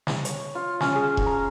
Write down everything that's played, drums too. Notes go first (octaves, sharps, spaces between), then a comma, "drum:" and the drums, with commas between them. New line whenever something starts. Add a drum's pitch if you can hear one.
drum: snare
C#5, drum: hi-hat
F4
C#4, drum: snare
G#4
drum: kick E1
A#5